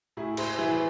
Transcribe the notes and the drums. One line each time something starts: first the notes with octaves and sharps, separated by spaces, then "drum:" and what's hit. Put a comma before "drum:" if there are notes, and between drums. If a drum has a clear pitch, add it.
A2 E4 G#4
G#4 C5, drum: cymbal
E3 E4 G#4